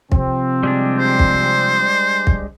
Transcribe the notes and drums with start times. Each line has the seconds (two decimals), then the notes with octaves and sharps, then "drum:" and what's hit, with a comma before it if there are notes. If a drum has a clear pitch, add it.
0.12 C3 F3 C4, drum: kick
0.63 G3 G#3 D4
0.98 C5
1.19 drum: kick
2.27 drum: kick